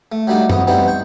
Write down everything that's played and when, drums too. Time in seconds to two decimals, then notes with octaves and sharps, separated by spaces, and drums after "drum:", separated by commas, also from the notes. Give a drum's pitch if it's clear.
0.12 A3
0.27 F#3 G3 A3 D4 D#4
0.50 F2 B3 D#6, drum: tom F#2
0.67 E3 G3 B3 C4 D#4
0.88 G5 C#6